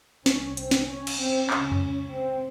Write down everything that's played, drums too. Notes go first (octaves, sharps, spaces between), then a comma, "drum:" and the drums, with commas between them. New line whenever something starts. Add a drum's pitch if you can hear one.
C2 C3 C#4, drum: snare
C4, drum: hi-hat
drum: snare
C#4
drum: cymbal
C4
C#2 C#3 C#4, drum: clap
drum: tom F2
C4